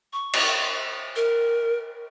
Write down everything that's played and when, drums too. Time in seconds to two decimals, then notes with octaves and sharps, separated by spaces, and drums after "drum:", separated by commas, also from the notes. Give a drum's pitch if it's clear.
0.13 C#6
0.33 drum: cymbal
1.16 A#4